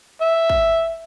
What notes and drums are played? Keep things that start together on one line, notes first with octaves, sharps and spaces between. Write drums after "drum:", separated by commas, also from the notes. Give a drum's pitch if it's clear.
E5
drum: kick